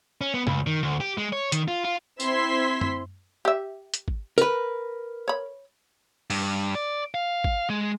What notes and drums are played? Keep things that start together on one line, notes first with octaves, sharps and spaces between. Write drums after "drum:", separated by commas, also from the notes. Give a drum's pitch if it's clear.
C#4
B3
C#2, drum: tom F#2
D#3
D2
G4
G#3
C#5
D#3, drum: hi-hat
F4
F4
C4 E4 C6 E6 G#6 B6, drum: tambourine
drum: tom F#2
G4 E5
drum: hi-hat
drum: kick
A#4 B4, drum: tambourine
C#5 B5
G2, drum: open hi-hat
D5
F5
drum: kick
G#3